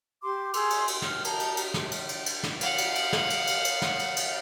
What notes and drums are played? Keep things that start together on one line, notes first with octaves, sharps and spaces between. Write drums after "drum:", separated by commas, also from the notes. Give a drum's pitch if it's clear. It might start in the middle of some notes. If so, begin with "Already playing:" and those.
G4 C6 D6
G#4 C6 E6, drum: cymbal
drum: cymbal
drum: cymbal
F6, drum: snare
A5 A#5, drum: cymbal
drum: cymbal
drum: cymbal
drum: snare
drum: cymbal
drum: cymbal
drum: cymbal
drum: snare
F5 F#5, drum: cymbal
drum: cymbal
drum: cymbal
drum: snare
drum: cymbal
drum: cymbal
drum: cymbal
drum: snare
drum: cymbal
drum: cymbal